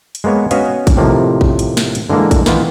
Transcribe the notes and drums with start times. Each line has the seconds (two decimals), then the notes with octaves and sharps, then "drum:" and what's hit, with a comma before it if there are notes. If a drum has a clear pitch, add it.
0.15 drum: hi-hat
0.24 G#3 A#3 B3 C#5
0.51 B3 C#4 F#4 B4 D#5 F5, drum: hi-hat
0.87 drum: kick A1, hi-hat
0.97 A2 C3 D#3 F3 A#3
1.41 drum: kick A1
1.59 drum: hi-hat
1.77 drum: snare
1.95 drum: hi-hat
2.10 D3 E3 G#3 A#3
2.31 drum: kick A1, hi-hat
2.46 D#3 E3 B3 F4, drum: snare